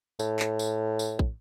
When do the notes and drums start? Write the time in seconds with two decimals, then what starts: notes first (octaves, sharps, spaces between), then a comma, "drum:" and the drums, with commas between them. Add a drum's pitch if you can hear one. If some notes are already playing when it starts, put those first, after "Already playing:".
0.19 A2, drum: tambourine
0.39 drum: clap
0.59 drum: tambourine
0.99 drum: tambourine
1.19 drum: kick